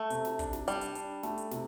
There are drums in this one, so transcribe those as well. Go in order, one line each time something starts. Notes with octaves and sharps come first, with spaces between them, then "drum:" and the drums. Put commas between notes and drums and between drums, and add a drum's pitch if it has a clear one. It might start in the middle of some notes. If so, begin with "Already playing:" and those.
Already playing: A3
C3, drum: hi-hat
drum: snare
D4, drum: kick, hi-hat
drum: snare
G3 D4, drum: hi-hat
drum: hi-hat
D4, drum: hi-hat
A3, drum: snare
drum: hi-hat
C3, drum: snare